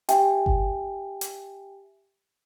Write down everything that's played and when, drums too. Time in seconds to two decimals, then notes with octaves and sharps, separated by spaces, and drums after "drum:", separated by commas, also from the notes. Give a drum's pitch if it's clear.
0.09 G4 E5 G5 G#5, drum: hi-hat
0.46 drum: kick G1
1.21 drum: hi-hat